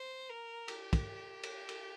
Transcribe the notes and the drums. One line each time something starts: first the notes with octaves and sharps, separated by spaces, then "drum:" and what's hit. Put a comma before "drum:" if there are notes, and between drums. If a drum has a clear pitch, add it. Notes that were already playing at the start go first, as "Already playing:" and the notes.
Already playing: C5
A#4
G4, drum: cymbal
drum: kick, cymbal
drum: cymbal
drum: cymbal